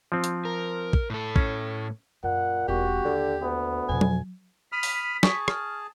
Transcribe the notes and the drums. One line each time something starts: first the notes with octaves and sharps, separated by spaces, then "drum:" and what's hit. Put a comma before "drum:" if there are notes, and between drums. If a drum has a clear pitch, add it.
F3 C4
drum: hi-hat
A#4
drum: kick
A2 A4
C#4, drum: kick
F#2 A#2 F#5
E1 C4 F#4 G4
D#2 D3
D2 B3
F2 B2 G#5
drum: tom F#3
B5 D#6 F6 B6
drum: open hi-hat
G#4 A5 C#6, drum: snare
F6, drum: rim click